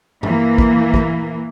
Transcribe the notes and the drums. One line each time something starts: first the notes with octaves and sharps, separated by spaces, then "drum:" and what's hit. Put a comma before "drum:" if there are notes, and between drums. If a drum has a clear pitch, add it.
E3 A#3, drum: tom G2
drum: kick
drum: kick